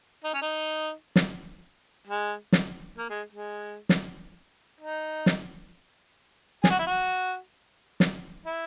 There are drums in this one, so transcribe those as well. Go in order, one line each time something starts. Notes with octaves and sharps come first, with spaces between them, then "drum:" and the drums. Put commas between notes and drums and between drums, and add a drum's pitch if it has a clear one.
D#4
C#4
D#4
drum: snare
G#3
drum: snare
A#3
G#3
G#3
drum: snare
D#4
drum: snare
G#4, drum: snare
F#4
E4
F#4
drum: snare
E4